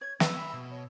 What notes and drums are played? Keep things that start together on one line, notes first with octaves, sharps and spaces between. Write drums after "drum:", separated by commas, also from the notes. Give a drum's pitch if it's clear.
C#5 G#6
B3 B4 A#5 E6, drum: snare
E5 G#5 B5
B2
C#5